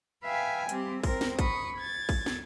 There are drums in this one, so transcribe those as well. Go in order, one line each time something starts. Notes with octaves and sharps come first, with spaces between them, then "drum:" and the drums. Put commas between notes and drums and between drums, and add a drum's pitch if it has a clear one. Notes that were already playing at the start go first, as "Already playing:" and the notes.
B4 E5 F5 G5 G#5
G3 C4 G4, drum: hi-hat
C4 A#4, drum: kick, open hi-hat
drum: snare
B5 C#6 D#6, drum: kick, hi-hat
G#6 A6
drum: kick, open hi-hat
drum: snare